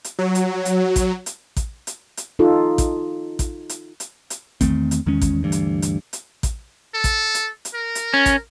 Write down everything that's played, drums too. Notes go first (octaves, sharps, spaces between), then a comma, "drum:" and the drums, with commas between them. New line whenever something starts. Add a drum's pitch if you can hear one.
drum: hi-hat
F#3
drum: hi-hat
drum: hi-hat
drum: kick A1, hi-hat
drum: hi-hat
drum: kick A1, hi-hat
drum: hi-hat
drum: hi-hat
D#4 F4 A4
drum: kick A1, hi-hat
drum: kick A1, hi-hat
drum: hi-hat
drum: hi-hat
drum: hi-hat
E2 D#3 A3 C4, drum: kick A1, hi-hat
drum: hi-hat
E2 D#3 G#3 C#4
drum: kick A1, hi-hat
D2 G2 E3
drum: hi-hat
drum: hi-hat
drum: hi-hat
drum: kick A1, hi-hat
A4
drum: kick A1, hi-hat
drum: hi-hat
drum: hi-hat
A#4
drum: hi-hat
C#4
drum: kick A1, hi-hat